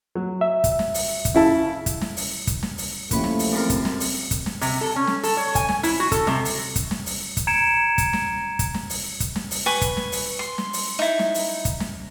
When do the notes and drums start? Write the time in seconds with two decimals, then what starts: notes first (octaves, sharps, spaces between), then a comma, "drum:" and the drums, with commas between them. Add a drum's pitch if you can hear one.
0.15 F#3
0.41 E5
0.64 drum: kick, hi-hat
0.79 drum: snare
0.94 drum: open hi-hat
1.25 drum: kick, hi-hat
1.34 C#3 E4 A5
1.86 drum: kick, hi-hat
2.01 drum: snare
2.17 drum: open hi-hat
2.47 drum: kick, hi-hat
2.63 drum: snare
2.78 drum: open hi-hat
3.11 E3 F3 A3 A#3 C#4 G4 B4 C#6, drum: kick, hi-hat
3.24 drum: snare
3.39 drum: open hi-hat
3.52 F#2 C3 A#4
3.70 drum: kick, hi-hat
3.85 drum: snare
4.00 drum: open hi-hat
4.31 drum: kick, hi-hat
4.46 drum: snare
4.61 C3, drum: open hi-hat
4.81 A4
4.96 C#4
5.07 drum: snare
5.23 A4, drum: open hi-hat
5.37 C#5
5.55 G#5, drum: kick, hi-hat
5.68 drum: snare
5.83 E4, drum: open hi-hat
6.00 F#4
6.12 A4, drum: kick, hi-hat
6.27 C3, drum: snare
6.45 drum: open hi-hat
6.76 drum: kick, hi-hat
6.91 drum: snare
7.06 drum: open hi-hat
7.37 drum: kick, hi-hat
7.47 A#5 G#6 C#7 D7 E7
7.98 drum: kick, hi-hat
8.13 drum: snare
8.59 drum: kick, hi-hat
8.74 drum: snare
8.90 drum: open hi-hat
9.20 drum: kick, hi-hat
9.36 drum: snare
9.51 drum: open hi-hat
9.66 B4 G#5 C#6
9.81 drum: kick, hi-hat
9.97 drum: snare
10.12 drum: open hi-hat
10.39 C6
10.58 drum: snare
10.73 drum: open hi-hat
10.99 D#4 E4
11.19 drum: snare
11.34 drum: open hi-hat
11.65 drum: kick, hi-hat
11.80 drum: snare